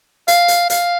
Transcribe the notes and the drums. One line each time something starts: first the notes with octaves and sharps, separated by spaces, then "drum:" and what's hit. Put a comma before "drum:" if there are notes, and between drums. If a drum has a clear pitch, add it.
F5, drum: hi-hat
drum: hi-hat
F5, drum: hi-hat